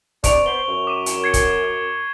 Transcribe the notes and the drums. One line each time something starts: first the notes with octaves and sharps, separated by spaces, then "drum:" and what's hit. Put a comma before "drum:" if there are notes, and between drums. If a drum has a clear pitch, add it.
C3 D4 C#6 D7 F7, drum: kick, hi-hat
B3 C5 G7
F#2
D6 D#7
drum: hi-hat
G#6 C7 C#7
drum: kick, hi-hat